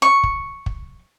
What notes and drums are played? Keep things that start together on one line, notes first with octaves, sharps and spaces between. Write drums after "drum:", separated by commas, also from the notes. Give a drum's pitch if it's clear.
C#6
drum: kick
drum: kick